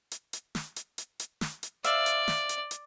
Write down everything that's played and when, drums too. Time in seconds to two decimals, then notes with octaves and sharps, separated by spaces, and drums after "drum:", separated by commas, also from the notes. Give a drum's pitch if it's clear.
0.12 drum: hi-hat
0.33 drum: hi-hat
0.55 drum: snare
0.76 drum: hi-hat
0.98 drum: hi-hat
1.20 drum: hi-hat
1.41 drum: snare
1.63 drum: hi-hat
1.84 C5 D5 E5 F5, drum: hi-hat
2.06 drum: hi-hat
2.28 drum: snare
2.49 drum: hi-hat
2.71 drum: hi-hat